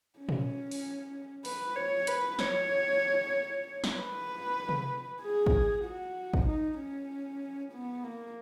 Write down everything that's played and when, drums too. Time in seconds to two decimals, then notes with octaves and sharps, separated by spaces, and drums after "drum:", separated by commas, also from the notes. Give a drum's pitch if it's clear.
0.19 C#4
0.29 drum: tom A#2
0.71 drum: open hi-hat
1.45 B4, drum: open hi-hat
1.76 C#5
2.07 B4, drum: hi-hat
2.39 C#5, drum: snare
3.84 drum: snare
3.95 B4
4.69 drum: tom C3
5.22 G#4
5.46 drum: kick A1
5.84 F#4
6.34 drum: kick A1
6.46 D#4
6.79 C#4
7.73 B3
8.03 A#3